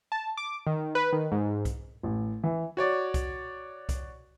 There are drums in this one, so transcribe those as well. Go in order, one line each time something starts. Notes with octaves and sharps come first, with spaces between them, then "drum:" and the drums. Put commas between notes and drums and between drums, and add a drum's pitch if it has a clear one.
A5
D6
D#3
B4
D#3
G#2
drum: kick C2, hi-hat
A1
E3
F#4 C#5 D5
drum: kick C2, hi-hat
drum: kick C2, hi-hat